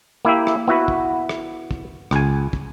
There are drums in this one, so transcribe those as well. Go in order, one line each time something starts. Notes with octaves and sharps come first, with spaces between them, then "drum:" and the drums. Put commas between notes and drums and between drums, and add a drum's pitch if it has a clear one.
A#3 E4 G4 E5
drum: rim click
B3 E4 F#4 B4
drum: kick
drum: rim click
drum: kick
C#2 G#5, drum: rim click
drum: kick